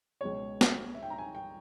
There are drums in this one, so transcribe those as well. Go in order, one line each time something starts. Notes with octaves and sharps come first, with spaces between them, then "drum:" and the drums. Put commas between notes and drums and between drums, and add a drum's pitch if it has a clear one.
C#2 B2 G#3 C#5
drum: snare
E5
G5
A#5
G#5
G5